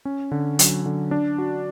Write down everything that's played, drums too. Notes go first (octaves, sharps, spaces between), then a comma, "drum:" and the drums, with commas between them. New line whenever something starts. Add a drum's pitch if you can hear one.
C#4
D3
F#3, drum: hi-hat
D3
D4
F#4